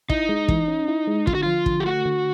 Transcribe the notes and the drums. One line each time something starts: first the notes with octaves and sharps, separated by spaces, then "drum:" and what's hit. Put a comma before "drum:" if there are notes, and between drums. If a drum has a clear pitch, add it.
D#4 E4, drum: kick
G#3
E3, drum: kick
C#4
E4
G#3
D3 F4, drum: kick
F#4
F3 F4
D3, drum: kick
G4
A3 F#4
D3